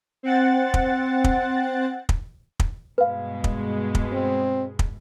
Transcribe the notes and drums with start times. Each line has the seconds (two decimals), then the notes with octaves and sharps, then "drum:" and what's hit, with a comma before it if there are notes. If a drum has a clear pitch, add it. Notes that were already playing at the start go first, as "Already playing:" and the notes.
0.23 C4 F#5 A6
0.74 drum: kick
1.24 drum: kick
2.09 drum: kick
2.60 drum: kick
2.98 G2 B2 G#3 B4 F5
3.44 drum: kick
3.95 drum: kick
4.12 C4
4.79 drum: kick